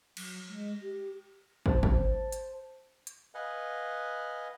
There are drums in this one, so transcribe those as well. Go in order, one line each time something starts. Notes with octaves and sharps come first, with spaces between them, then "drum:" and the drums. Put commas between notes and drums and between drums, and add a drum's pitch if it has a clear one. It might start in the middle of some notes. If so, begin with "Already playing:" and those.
F#3, drum: cymbal
G#3
G4
C5 A5, drum: kick
drum: kick
drum: hi-hat
drum: hi-hat
B4 D#5 F5 F#5 G#5